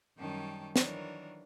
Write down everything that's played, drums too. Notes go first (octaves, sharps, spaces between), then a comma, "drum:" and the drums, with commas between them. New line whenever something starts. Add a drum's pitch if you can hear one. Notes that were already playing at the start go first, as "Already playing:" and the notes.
F#2 D#3 G3 C#4 G5 A5
D#3 E3 F#3 D4 A#4 C#5, drum: snare